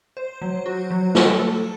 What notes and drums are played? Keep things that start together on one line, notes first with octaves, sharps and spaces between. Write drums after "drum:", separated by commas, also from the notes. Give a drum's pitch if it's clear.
C5
F#3
F#4
F#3
A4, drum: snare
A4